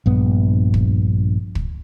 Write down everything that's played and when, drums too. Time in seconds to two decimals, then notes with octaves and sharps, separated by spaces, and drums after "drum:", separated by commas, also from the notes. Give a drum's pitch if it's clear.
0.06 A#1 G2 B3
0.74 drum: kick
1.55 drum: kick